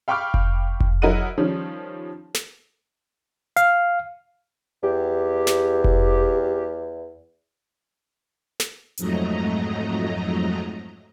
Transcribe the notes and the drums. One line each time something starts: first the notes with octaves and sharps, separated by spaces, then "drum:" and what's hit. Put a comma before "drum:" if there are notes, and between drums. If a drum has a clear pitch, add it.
F5 G5 B5 C#6 D6 F6
drum: kick F1
drum: kick F1
F#3 E4 A#4 D#5 F#5 D#7
D#3 F3 G3 C#4
drum: snare
F5, drum: hi-hat
E2 G4
drum: snare
drum: kick F1
drum: snare
F2 G#2 F#3 A3 D#5 A#5, drum: hi-hat